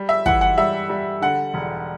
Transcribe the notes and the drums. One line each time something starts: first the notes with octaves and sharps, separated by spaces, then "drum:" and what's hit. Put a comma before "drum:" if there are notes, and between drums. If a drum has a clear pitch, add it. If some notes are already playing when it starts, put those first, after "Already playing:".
Already playing: G3
E5
E3 F#5, drum: kick
F#5
G3 E5
G3
D3 F#5
E1